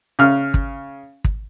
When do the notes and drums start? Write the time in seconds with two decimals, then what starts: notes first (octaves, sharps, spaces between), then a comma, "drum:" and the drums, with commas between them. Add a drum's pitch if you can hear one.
0.19 C#3 F6
0.54 drum: kick
1.24 drum: kick